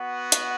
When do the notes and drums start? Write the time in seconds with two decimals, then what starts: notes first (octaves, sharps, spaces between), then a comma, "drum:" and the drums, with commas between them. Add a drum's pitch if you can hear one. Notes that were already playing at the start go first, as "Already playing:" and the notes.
Already playing: B3 F#4
0.32 drum: hi-hat